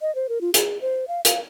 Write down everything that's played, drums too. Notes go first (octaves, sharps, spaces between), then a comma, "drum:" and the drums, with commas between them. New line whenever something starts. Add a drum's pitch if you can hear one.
D#5
C5
A#4
F4
G#4, drum: hi-hat
C5
F5
F5, drum: hi-hat